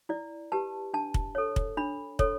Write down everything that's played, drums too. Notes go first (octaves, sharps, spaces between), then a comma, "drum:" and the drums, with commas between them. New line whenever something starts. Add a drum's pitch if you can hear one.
E4 D5
G4 B4 A5
D4 A5
drum: kick
A4 C#5
drum: kick
D4 B5
A4 C#5, drum: kick